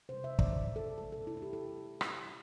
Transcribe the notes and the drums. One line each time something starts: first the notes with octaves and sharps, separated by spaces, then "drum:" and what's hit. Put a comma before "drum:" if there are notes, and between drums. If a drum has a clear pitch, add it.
C3 G3 C5
E5
D5, drum: kick
D5
A4
C3 A3 A4
A4
E4
E4
G4
A4
drum: rim click